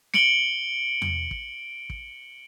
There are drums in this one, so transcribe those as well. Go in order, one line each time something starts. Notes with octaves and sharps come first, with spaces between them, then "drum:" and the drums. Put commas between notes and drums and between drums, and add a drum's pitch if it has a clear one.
C#7 D7 F#7 G7, drum: snare
drum: tom E2
drum: kick
drum: kick